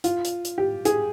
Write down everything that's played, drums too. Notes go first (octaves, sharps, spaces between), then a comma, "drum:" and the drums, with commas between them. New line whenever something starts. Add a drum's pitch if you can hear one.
F4, drum: hi-hat
drum: hi-hat
drum: hi-hat
G4
G#4, drum: hi-hat